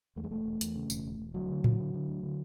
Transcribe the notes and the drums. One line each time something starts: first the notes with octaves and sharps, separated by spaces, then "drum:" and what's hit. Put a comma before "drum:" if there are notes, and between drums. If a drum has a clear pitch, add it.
E2 A3
G#3
E1 A3
E1
E2, drum: hi-hat
C#3
E1, drum: tambourine
E1
E1
D2 F#3
D3
D3, drum: tom A2
D3
D3
D2
D3